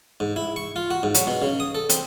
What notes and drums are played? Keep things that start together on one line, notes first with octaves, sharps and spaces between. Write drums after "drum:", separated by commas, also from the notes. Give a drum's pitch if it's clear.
G#2
E4
C#6
F4
F#4
G#2
F#3, drum: hi-hat
B2
C#3
D#6
A4
C4, drum: hi-hat